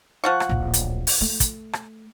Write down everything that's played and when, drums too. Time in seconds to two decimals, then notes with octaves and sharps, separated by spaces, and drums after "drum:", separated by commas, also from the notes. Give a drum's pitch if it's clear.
0.24 F3 F#5 C#6
0.40 drum: rim click
0.49 D1 A#1
0.74 drum: hi-hat
1.07 drum: open hi-hat
1.21 A3
1.40 drum: kick, hi-hat
1.73 drum: rim click